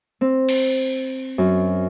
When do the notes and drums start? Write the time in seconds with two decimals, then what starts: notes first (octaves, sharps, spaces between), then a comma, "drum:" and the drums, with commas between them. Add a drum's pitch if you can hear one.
0.21 C4
0.49 drum: cymbal
1.38 F#2